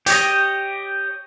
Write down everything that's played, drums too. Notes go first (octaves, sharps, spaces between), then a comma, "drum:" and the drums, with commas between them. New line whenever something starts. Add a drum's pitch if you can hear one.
G4 C#5 D#5, drum: hi-hat